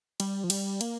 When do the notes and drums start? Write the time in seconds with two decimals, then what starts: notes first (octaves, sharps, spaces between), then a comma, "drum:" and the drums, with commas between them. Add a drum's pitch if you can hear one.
0.20 G3, drum: cymbal
0.44 F3
0.50 G3, drum: cymbal
0.81 A#3, drum: cymbal